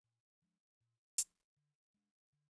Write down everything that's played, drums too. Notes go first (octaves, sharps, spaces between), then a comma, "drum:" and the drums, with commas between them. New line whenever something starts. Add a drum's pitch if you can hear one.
A#2
F3 G#3 D4
A#2
F3 G#3 D4, drum: hi-hat
D3
G#3 D4
D3